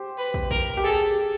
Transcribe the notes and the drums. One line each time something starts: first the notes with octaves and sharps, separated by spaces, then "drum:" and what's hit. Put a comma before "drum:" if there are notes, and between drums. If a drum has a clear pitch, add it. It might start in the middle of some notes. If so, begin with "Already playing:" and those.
Already playing: G4 C5
B4
drum: kick
A#4, drum: kick
G4
G#4 A4